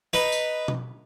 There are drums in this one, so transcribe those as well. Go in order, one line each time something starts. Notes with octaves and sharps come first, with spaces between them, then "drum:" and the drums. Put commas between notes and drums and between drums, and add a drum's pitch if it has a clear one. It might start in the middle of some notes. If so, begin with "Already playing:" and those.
D#4 B4
drum: tambourine
drum: tom B2